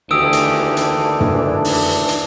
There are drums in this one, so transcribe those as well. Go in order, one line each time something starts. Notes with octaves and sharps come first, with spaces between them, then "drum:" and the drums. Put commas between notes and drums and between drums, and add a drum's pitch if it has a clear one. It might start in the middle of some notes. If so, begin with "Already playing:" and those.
D2 D#3 E3 D4 G4 D#6 E6 D7
drum: hi-hat
drum: hi-hat
drum: tom
drum: open hi-hat
drum: hi-hat